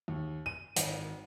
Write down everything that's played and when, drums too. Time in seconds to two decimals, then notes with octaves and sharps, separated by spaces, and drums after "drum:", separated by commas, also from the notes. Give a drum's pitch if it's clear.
0.08 D#2
0.46 D#7
0.76 G#1, drum: hi-hat